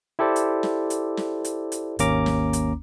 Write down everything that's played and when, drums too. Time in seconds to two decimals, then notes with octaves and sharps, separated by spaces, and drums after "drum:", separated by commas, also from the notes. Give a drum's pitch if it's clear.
0.19 E4 G4 A4 C5 D5
0.36 drum: hi-hat
0.63 drum: snare
0.90 drum: hi-hat
1.17 drum: snare
1.44 drum: hi-hat
1.72 drum: hi-hat
1.99 G#1 D#2 A#3 C#4 A#5 D6, drum: hi-hat
2.26 drum: snare
2.53 drum: hi-hat